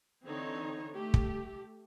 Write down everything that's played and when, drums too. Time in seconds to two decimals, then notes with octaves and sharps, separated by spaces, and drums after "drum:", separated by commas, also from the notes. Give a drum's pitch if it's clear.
0.24 D3 E3 C4 D#4 C#5
0.97 A3 G4
1.14 drum: kick